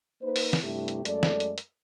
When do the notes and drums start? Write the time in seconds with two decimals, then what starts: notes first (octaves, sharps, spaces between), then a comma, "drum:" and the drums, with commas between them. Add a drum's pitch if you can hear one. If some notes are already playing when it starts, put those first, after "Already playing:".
0.22 A#3 D#4 B4 C5
0.36 drum: open hi-hat
0.53 drum: snare
0.63 G2 C3 A3 E4 G4
0.88 drum: hi-hat
1.05 F#2 G#3 A3 A4 D5, drum: hi-hat
1.23 drum: snare
1.40 drum: hi-hat
1.58 drum: hi-hat